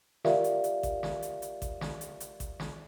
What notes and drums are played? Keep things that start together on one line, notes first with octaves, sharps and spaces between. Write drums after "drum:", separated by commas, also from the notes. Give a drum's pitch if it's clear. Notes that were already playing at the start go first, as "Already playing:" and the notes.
F4 G4 A#4 D5 E5 F5, drum: snare
drum: hi-hat
drum: hi-hat
drum: kick A1, hi-hat
drum: snare
drum: hi-hat
drum: hi-hat
drum: kick A1, hi-hat
drum: snare
drum: hi-hat
drum: hi-hat
drum: kick A1, hi-hat
drum: snare